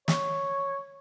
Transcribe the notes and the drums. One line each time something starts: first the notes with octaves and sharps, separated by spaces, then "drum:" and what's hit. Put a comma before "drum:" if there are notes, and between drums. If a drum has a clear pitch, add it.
C#5, drum: snare